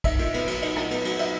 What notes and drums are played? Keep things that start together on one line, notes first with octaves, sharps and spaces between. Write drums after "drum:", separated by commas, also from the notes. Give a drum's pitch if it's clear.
D#4 E5, drum: kick, cymbal
A#2, drum: cymbal
B3, drum: cymbal
F#3, drum: cymbal
D#4, drum: cymbal
A#2, drum: rim click
B3, drum: cymbal
F#3, drum: cymbal
D#4 E5, drum: cymbal